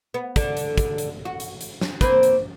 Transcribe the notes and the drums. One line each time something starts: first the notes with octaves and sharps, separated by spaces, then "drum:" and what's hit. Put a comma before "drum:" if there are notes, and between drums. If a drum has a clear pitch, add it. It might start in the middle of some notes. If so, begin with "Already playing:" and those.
B3
D3, drum: kick, hi-hat
drum: hi-hat
drum: kick, hi-hat
drum: hi-hat
F#4
drum: hi-hat
drum: hi-hat
drum: snare
A#3 C4 B4, drum: kick, hi-hat
drum: hi-hat